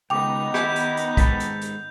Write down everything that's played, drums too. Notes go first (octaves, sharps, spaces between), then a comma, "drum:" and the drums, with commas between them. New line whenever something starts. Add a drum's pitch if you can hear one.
C#2 D#3 B3 D#4 G5 D6 F7
E4 G4 G6, drum: rim click
drum: hi-hat
drum: hi-hat
G#2 A4 B5, drum: kick, hi-hat
drum: hi-hat
drum: hi-hat